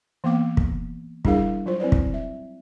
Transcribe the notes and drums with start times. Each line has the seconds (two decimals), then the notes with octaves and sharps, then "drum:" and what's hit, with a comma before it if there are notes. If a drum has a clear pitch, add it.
0.24 E3 A#3 B3 F5 D6
0.57 drum: kick
1.25 G3 D4 E4 G#4 A#4 F5, drum: kick
1.66 F#3 F4 C5
1.80 C4 E4 B4 D5
1.92 drum: kick
2.14 E5